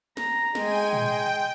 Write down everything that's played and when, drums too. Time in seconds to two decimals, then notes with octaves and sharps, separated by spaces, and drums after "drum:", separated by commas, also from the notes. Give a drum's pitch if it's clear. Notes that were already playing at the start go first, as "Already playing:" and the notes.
0.17 A#5, drum: snare
0.55 G#3 G5 G#5 D#7, drum: snare
0.93 G5, drum: tom